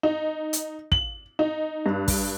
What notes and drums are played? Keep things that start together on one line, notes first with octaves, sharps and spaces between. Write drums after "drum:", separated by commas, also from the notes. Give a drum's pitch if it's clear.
D#4
drum: hi-hat
F#7, drum: kick
D#4
G2
drum: kick, open hi-hat